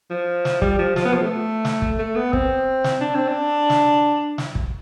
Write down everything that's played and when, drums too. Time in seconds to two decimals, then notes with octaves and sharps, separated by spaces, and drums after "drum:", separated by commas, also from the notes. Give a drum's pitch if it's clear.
0.10 F3
0.45 drum: snare
0.62 G3, drum: kick
0.79 F3
0.96 F3, drum: snare
1.05 B3
1.14 F3
1.22 A3
1.65 drum: snare
1.82 drum: kick
1.99 A3
2.16 B3
2.33 C4, drum: kick
2.84 drum: snare
3.01 D4
3.15 C4
3.28 D4
3.70 drum: snare
4.38 drum: snare
4.55 drum: kick